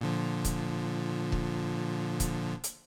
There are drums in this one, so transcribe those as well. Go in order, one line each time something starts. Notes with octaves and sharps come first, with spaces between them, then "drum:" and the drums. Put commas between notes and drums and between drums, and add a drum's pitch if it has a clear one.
A#2 D3 F3
drum: kick C#1, hi-hat
drum: kick C#1
drum: kick C#1, hi-hat
drum: hi-hat